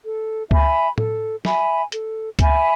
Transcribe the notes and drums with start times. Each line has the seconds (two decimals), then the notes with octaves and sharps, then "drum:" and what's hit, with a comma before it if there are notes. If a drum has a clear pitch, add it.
0.05 A4
0.51 E5 G#5 B5, drum: kick C#2
0.98 A4, drum: tom A2
1.45 E5 G#5 B5, drum: snare
1.92 A4, drum: hi-hat
2.39 E5 G#5 B5, drum: kick C#2, hi-hat